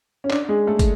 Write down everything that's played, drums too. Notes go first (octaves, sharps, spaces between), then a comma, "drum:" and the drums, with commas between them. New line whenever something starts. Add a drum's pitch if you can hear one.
C#4
D4, drum: clap
G#3 G#4
A3 A4
drum: kick, hi-hat